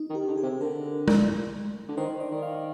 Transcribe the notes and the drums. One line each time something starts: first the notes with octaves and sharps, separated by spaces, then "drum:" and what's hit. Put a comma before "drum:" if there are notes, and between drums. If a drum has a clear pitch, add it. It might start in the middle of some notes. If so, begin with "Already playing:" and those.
Already playing: D#4
D#3
G4
D3
G#4
C3
D3 A#4
drum: tom G#3
D3
D#3 C5
D5
D#3
F5